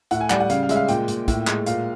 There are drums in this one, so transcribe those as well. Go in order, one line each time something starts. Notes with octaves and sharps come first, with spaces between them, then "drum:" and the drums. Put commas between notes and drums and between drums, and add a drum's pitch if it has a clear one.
A2 F#5, drum: hi-hat
G#5
G3 F#5, drum: clap
F#5
C#3 F5, drum: hi-hat
F5
G#3 E5, drum: hi-hat
F5
A#2 G5, drum: hi-hat
A#2, drum: hi-hat
A2, drum: kick, hi-hat
G#3, drum: clap
A#2 F5, drum: hi-hat